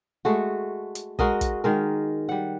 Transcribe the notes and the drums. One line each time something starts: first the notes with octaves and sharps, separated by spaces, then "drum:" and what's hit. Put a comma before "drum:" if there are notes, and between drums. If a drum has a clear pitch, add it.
G#3 A3 F#4
drum: hi-hat
G#3 F#4 A#4 D#5, drum: kick
drum: kick, hi-hat
D#3 G#3 A#4
G3 F#5